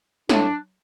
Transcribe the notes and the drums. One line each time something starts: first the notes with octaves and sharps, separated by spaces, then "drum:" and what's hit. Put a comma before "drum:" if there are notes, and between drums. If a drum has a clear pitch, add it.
A2 D4, drum: snare